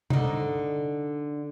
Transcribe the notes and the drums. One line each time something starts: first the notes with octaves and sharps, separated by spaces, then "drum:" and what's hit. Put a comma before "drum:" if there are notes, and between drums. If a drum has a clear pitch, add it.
D3 D#4, drum: tom C3